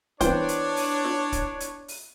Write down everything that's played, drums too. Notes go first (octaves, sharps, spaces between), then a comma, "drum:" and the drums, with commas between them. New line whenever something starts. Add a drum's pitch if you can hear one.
E3 B3 D4 C5 C#5 G5, drum: kick C#1, hi-hat
drum: hi-hat
drum: open hi-hat
drum: snare
drum: kick C#1, hi-hat
drum: hi-hat
drum: open hi-hat